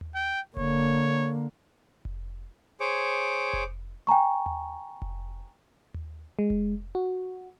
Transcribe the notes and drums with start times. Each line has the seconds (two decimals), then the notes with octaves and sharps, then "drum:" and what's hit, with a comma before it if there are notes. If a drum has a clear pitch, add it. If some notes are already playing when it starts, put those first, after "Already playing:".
0.01 drum: tom D#2
0.15 G5
0.57 D3 A#3 C#5, drum: kick F1
2.05 drum: kick F1
2.80 G#4 C5 C#5 D6
3.53 drum: kick F1
4.07 G5 G#5 A#5 C#6
4.46 drum: tom D#2
5.02 drum: kick F1
5.94 drum: tom D#2
6.39 G#3
6.50 drum: kick F1
6.95 F#4